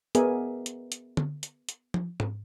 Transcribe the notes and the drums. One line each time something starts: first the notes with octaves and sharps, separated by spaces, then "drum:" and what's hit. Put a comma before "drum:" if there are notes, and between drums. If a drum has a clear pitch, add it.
B3 G#4 A#4 D5 E5 G#5, drum: hi-hat
drum: hi-hat
drum: hi-hat
drum: tom D3
drum: hi-hat
drum: hi-hat
drum: tom F3
drum: tom G#2